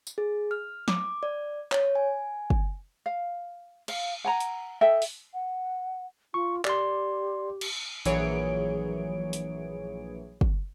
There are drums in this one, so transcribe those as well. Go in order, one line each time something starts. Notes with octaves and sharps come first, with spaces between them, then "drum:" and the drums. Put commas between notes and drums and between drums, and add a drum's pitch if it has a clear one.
drum: tambourine
G#4
F6
D6, drum: snare
D5
C#5, drum: clap
G#5
drum: kick
F5
F5, drum: cymbal
F#5 G#5 A#5
drum: hi-hat
A4 D#5 E5 G5
drum: open hi-hat
F#5
F4 C#6
G4 D5 C6, drum: clap
drum: cymbal
A#1 E3 F#3 G#4 C#5 D7, drum: hi-hat
drum: hi-hat
drum: kick